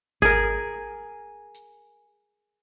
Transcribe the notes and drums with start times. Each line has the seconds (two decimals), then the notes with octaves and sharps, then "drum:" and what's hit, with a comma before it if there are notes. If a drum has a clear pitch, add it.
0.22 G#4 A#4, drum: kick G#1
1.54 drum: hi-hat